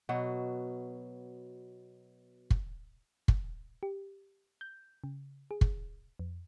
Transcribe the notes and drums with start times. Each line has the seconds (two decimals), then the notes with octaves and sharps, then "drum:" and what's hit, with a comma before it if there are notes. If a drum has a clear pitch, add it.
0.09 B2 F#3 B3
2.50 drum: kick
3.28 drum: kick
3.83 G4
4.61 G6
5.04 C#3
5.51 G#4
5.61 drum: kick
6.19 F2